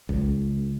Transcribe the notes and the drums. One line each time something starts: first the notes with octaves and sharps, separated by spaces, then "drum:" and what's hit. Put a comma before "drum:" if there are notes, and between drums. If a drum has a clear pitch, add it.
C#2, drum: kick B1